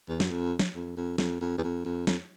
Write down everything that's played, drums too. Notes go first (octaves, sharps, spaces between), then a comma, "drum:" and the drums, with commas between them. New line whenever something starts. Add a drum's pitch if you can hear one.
E2
F#2, drum: snare
F2
drum: snare
F2
F2
F2, drum: snare
F2
E2
F2
F2
F2, drum: snare